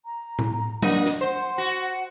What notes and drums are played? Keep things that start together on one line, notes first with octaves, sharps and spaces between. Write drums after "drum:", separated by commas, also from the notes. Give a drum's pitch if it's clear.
A#5
drum: tom A2
A#3 D4 D#5, drum: tom F#3
drum: snare
C5 F#5
F#4